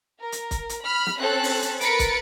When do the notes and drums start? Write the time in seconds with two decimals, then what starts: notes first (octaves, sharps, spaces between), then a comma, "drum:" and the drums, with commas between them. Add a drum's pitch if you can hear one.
0.21 A#4
0.32 drum: hi-hat
0.51 drum: kick, hi-hat
0.69 drum: hi-hat
0.84 B5 F6
1.07 drum: snare
1.18 C4 C#4 A4 F#6
1.44 drum: open hi-hat
1.62 drum: hi-hat
1.81 A#4 B4 B5 A6 C#7 D7, drum: hi-hat
1.99 drum: kick, hi-hat